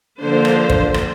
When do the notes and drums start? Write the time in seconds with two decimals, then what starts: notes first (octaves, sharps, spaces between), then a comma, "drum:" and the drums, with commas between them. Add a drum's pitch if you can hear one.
0.20 D3 F3 A#3 D4 C5
0.45 drum: rim click
0.70 drum: kick
0.94 drum: rim click